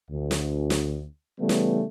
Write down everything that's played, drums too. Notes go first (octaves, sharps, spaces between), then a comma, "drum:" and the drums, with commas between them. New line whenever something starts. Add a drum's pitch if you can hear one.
D2
drum: snare
drum: snare
C#3 E3 G3 A3 B3
drum: snare